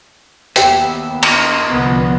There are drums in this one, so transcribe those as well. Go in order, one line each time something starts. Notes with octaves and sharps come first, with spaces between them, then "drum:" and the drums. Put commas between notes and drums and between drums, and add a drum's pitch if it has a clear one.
D#2 B3 G4 E5 G5, drum: hi-hat
A#4 D#5 A#5, drum: cymbal
C2 D3 F3 B3